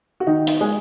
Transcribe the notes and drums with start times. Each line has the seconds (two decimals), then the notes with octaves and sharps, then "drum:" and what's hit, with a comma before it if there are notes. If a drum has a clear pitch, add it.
0.20 F#4
0.27 D#3 D#4
0.47 drum: hi-hat
0.60 G#3 G#4